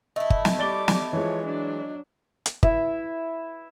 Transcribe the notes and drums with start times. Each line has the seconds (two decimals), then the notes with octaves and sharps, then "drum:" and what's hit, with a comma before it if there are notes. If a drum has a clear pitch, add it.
0.16 A3 E4 D#5
0.30 drum: kick G1
0.45 drum: snare
0.59 G3 D5 D6 A6 G7
0.88 drum: snare
1.13 E3 F3 G#3 C#5
1.46 F#3 D4
2.46 drum: hi-hat
2.63 E4 E5, drum: kick G1